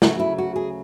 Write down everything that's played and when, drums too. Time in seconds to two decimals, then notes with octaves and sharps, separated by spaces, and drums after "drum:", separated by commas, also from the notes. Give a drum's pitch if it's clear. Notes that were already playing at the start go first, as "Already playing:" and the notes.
0.02 D2 C#3 F#3 A3 F#4, drum: snare
0.20 E4
0.38 F#4
0.56 G#4